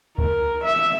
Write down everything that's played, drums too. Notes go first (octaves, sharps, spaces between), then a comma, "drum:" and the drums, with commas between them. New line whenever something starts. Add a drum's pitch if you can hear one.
A#4, drum: kick C#2
E5